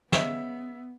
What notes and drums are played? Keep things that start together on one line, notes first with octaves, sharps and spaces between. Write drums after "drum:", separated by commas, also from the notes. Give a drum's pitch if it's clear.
C#3 B3 C#5 D#5 E5, drum: snare